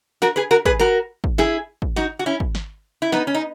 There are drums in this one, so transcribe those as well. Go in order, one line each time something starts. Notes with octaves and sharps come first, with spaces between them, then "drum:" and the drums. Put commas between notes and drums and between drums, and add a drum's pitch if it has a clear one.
F#4 A#4, drum: snare
G#4 B4
F#4 A#4
G#4 B4, drum: kick
F#4 A#4, drum: snare
drum: kick
E4 G#4, drum: snare
drum: kick
D#4 F#4, drum: snare
F#4
C#4 E4
drum: kick
drum: snare
E4
B3 D#4, drum: snare
C#4
D#4